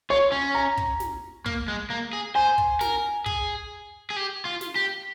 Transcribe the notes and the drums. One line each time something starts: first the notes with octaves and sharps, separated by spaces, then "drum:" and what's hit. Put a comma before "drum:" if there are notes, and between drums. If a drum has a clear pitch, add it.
F4 C#5
C#4
A#5
drum: kick
drum: snare
A#3, drum: kick
G#3
A#3
G#4
C5 G#5
drum: kick
A#4, drum: snare
G#4, drum: kick
G#4
G4
F4
drum: snare
G4